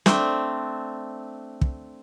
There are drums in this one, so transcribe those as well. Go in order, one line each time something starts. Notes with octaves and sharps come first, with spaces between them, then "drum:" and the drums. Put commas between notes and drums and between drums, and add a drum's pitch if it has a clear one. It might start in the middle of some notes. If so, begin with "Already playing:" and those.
A3 C4 D4, drum: snare
drum: kick